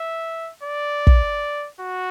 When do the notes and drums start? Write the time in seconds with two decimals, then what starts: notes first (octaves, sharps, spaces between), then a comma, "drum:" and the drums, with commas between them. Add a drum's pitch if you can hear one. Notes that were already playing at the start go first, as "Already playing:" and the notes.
Already playing: E5
0.63 D5
1.07 drum: kick
1.80 F#4